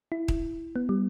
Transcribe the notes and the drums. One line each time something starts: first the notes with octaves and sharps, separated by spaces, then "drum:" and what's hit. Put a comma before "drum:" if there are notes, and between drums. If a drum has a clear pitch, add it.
E4
drum: kick D#1
B3
G3